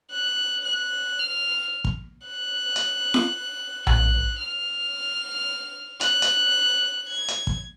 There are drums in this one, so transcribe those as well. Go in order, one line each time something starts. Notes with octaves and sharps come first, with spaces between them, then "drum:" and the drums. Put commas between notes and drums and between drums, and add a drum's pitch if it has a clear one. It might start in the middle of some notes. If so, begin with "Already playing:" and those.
F#6
F#6
F6
drum: kick
F#6
drum: hi-hat
drum: snare
F#6, drum: tom A#1
F6
F#6, drum: hi-hat
drum: hi-hat
G#6
drum: hi-hat
drum: kick